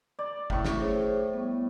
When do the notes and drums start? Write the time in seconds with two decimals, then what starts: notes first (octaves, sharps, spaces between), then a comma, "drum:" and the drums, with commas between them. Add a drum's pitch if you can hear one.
0.19 D5
0.50 A2 C#6, drum: kick G1
0.65 drum: snare
0.79 G#4 C5 C#5
1.33 G3 B3